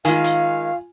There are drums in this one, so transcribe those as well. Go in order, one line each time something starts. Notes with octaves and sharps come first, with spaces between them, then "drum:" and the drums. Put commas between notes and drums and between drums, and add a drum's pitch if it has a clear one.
D#3 G#3 F4 F5 G#5, drum: hi-hat
drum: hi-hat